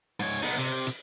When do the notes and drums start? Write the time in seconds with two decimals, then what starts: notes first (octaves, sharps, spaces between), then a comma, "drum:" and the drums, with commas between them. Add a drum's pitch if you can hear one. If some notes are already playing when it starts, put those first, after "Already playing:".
0.20 G#2 C#5
0.43 B3 D#4, drum: open hi-hat
0.58 C3
0.86 drum: hi-hat